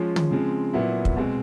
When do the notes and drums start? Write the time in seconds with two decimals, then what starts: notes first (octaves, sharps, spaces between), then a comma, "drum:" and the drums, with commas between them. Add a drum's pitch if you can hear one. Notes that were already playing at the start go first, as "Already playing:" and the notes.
Already playing: F3 G#3 C#4 F4
0.16 drum: tom
0.31 C#3 F3 G#3 C4
0.73 A#2 F#3 B3 E4
1.05 drum: kick
1.16 B2 G#3 C4